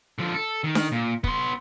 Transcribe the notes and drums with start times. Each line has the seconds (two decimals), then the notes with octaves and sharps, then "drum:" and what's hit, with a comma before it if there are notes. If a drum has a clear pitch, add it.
0.19 D3 F3
0.34 A4
0.64 D#3
0.75 drum: snare D4
0.92 A#2
1.24 B3 C6, drum: kick